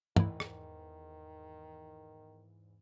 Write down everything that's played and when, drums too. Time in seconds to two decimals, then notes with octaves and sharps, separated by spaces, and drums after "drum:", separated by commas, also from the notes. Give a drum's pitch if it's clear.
0.16 E2 G#2 D#3 E3 A3 E4, drum: tom
0.40 drum: rim click